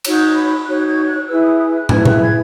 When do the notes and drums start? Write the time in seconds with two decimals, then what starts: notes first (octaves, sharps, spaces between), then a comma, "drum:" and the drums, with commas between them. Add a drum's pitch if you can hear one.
0.05 D#4 F#4 C#5, drum: cymbal
0.35 B5
0.65 D#4 F#4 C#5 F#6
0.86 G#6
1.07 F#6
1.27 E4 G#4 B4 E6
1.42 D#6
1.59 D#6
1.75 F#6
1.89 E4 G#4 B4 G#6, drum: tom
2.06 F#6, drum: tom A2
2.20 G#6